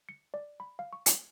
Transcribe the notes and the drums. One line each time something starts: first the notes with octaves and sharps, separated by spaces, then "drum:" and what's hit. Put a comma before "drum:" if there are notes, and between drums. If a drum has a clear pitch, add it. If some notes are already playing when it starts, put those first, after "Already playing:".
C#7
D5
B5
F5
C#6
C7, drum: hi-hat